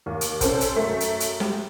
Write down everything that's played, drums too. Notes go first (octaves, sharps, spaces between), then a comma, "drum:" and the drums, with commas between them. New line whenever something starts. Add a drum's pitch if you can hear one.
D#2
drum: hi-hat
C#4 A4 C5, drum: kick, hi-hat
drum: hi-hat
F#2 A3
drum: hi-hat
drum: hi-hat
G4, drum: snare